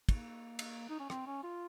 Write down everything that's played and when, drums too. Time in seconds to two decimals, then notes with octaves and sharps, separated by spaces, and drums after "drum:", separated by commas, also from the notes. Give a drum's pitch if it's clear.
0.09 A#3, drum: kick, cymbal
0.59 drum: cymbal
0.89 D#4
0.99 C#4
1.10 C4, drum: rim click
1.27 C#4
1.43 F4